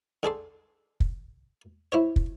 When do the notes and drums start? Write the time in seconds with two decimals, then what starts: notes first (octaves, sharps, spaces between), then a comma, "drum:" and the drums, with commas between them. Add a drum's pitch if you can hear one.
0.23 D3 G#4 A4 C6
1.00 drum: kick
1.92 E4 C5 C#5
2.16 drum: kick